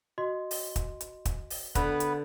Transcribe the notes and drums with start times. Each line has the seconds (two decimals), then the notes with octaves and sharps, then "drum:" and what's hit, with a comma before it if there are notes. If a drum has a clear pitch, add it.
0.18 F#4 D#5 C6
0.51 drum: open hi-hat
0.76 drum: kick, hi-hat
1.01 drum: hi-hat
1.25 drum: kick, hi-hat
1.50 drum: open hi-hat
1.75 D3 B3 B4, drum: kick, hi-hat
2.00 drum: hi-hat